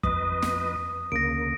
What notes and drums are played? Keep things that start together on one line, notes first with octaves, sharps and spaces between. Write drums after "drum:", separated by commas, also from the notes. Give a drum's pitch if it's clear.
F2 B4 D#5 D#6, drum: kick
drum: snare
D2 C#3 A#3 A#6 D7